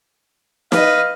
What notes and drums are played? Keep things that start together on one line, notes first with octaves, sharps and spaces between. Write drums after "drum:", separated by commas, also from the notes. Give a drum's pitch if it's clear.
B4 D#5 F5, drum: snare